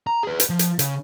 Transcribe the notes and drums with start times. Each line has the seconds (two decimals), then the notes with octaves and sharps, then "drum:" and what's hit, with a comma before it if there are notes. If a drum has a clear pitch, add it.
0.07 A#5
0.23 G#4 B4
0.40 drum: hi-hat
0.50 F3
0.59 drum: hi-hat
0.79 C#3, drum: hi-hat